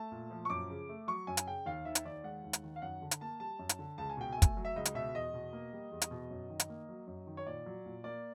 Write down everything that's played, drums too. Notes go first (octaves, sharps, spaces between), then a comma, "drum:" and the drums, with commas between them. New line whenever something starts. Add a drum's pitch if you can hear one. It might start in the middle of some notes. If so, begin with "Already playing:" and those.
Already playing: A3 A5
A#2
F3
C#6
F#2 D6
C#3
A3
F#3 C#6
F#2 G#5
drum: hi-hat
C#3 G5
D#2 F5
D#3 E5
drum: hi-hat
D#2 D5
G#3 F#5
D#2
drum: hi-hat
D#3
F5
F#2 F#5
D3
drum: hi-hat
A#3 A5
G3 A5
F#2
drum: hi-hat
D3
C#2 A5
G#5
B2 G5
A3 G#5
drum: kick, hi-hat
F#3
E5
C#2 D#5
drum: hi-hat
B2 E5
E2 D#5
B2
A#3
G3
E2
drum: hi-hat
B2
F#2
D#3
drum: hi-hat
A#3
F#3
F#2
D#3
C#5
A#2 D5
F#3
A#2
A#3 D5